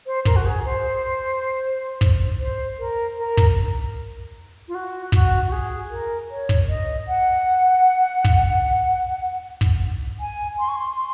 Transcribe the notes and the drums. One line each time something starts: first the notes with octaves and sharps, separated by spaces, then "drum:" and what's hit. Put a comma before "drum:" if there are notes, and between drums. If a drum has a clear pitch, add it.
C5
A#4, drum: kick
F#4
G#4
C5
drum: kick
C5
A#4
A#4
drum: kick
F4
F#4
F#4, drum: kick
F#4
G#4
A#4
C#5
drum: kick
D#5
F#5
drum: kick
drum: kick
G#5
C6
C#6
C6
C6